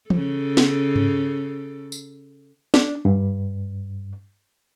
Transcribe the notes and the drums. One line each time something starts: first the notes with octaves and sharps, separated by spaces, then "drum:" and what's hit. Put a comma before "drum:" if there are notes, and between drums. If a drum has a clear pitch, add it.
C#3 A4, drum: tom E3
drum: snare
drum: tom G#2
drum: tambourine
D4, drum: snare
G2